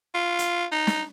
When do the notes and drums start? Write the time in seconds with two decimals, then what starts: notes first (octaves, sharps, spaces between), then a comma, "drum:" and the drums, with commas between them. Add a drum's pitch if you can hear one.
0.14 F4
0.39 drum: hi-hat
0.72 D#4
0.87 drum: snare